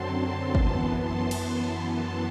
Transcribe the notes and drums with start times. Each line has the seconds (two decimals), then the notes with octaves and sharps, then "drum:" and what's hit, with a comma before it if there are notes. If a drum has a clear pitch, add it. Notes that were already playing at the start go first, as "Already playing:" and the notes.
Already playing: F#2 D3 F#3 C4 A5 C6
0.55 F#2 E3 B3, drum: kick
1.01 A5 C6
1.31 drum: cymbal
1.48 F#2 E3 B3
1.94 A5 C6